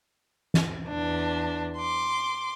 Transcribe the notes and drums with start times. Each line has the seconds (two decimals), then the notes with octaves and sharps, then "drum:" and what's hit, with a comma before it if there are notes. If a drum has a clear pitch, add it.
0.54 drum: snare
0.88 E2 D4
1.78 C6 D6